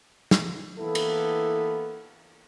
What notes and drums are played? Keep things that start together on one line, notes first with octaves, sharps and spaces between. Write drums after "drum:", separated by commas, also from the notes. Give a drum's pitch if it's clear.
drum: snare
E3 A#3 B3 E4 A4
drum: cymbal